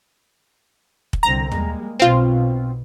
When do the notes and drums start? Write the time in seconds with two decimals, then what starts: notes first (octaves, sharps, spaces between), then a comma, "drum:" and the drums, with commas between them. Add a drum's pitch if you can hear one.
1.13 drum: kick
1.23 C2 D3 C4 A#5
1.52 G3 G#3 A#3, drum: tom
2.00 B1 B2 C4 F4